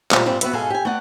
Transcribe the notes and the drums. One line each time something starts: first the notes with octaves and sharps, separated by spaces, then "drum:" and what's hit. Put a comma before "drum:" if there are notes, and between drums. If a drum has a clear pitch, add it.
A#2 G3 A3 C5 D#5 A#5, drum: clap
G#2 G3 A#3 C4 F4
B3 F#4 B4 E5, drum: hi-hat
G#2 B2 G#4 A4 F5 G#5
G4 G#5
A3 B3 D5 F#5